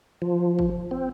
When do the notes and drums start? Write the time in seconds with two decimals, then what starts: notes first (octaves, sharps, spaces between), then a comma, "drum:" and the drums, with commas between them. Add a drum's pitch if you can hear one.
0.22 F3
0.59 drum: kick
0.91 C4